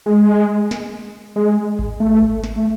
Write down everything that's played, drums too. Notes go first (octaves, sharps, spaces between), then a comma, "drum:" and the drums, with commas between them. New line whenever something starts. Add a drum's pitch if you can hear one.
G#3
drum: snare
G#3
drum: kick G#1
A3
drum: kick G#1
drum: snare
A3